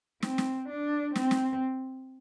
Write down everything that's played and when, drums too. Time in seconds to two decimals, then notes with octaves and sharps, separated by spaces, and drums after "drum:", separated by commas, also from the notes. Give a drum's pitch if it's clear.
0.22 C4, drum: snare
0.38 drum: snare
0.69 D4
1.15 C4, drum: snare
1.31 drum: snare